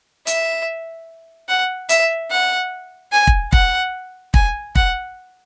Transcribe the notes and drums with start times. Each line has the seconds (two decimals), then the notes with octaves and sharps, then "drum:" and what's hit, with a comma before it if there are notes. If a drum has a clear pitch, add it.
0.27 E5, drum: hi-hat
1.49 F#5
1.89 E5, drum: hi-hat
2.31 F#5
3.12 G#5
3.27 drum: kick
3.52 F#5, drum: kick
4.34 G#5, drum: kick
4.75 F#5, drum: kick